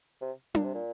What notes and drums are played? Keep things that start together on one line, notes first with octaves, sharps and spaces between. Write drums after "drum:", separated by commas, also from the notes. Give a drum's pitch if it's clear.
C3
A#2, drum: tom D4
C3
A#2